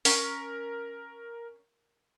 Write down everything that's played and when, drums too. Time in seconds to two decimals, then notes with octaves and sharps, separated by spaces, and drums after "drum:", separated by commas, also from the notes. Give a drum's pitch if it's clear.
0.05 C#4 A#4, drum: open hi-hat